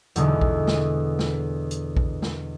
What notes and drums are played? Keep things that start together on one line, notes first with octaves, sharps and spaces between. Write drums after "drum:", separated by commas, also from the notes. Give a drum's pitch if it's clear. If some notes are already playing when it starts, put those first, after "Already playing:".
E2 B2 D3 G#3, drum: hi-hat
drum: kick A#1
drum: snare
drum: snare
drum: hi-hat
drum: kick A#1
drum: snare